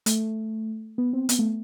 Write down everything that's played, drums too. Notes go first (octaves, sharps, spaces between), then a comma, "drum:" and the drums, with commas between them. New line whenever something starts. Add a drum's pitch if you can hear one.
A3, drum: hi-hat
B3
C4
B3, drum: hi-hat
A3